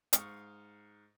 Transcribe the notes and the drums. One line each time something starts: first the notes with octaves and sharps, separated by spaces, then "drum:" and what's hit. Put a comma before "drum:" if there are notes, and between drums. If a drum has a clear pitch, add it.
G#2 F5 C#6 D#6, drum: hi-hat